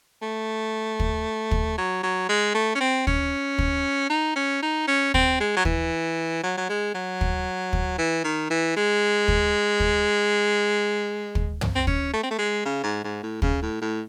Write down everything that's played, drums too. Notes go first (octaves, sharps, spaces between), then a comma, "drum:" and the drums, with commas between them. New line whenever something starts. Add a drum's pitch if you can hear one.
A3
drum: kick
drum: kick
F#3
F#3
G#3
A3
C#4
C4
C#4, drum: kick
drum: kick
D#4
C#4
D#4
C#4
C4, drum: kick
G#3
F#3
E3, drum: kick
F#3
F#3
G#3
F#3
drum: kick
drum: kick
E3
D#3
E3
G#3
drum: kick
drum: kick
drum: kick
drum: tom
C4
C#4, drum: kick
A3
C4
A3
G#3
C#3
G#2
G#2
A2
C#3, drum: kick
A2
A2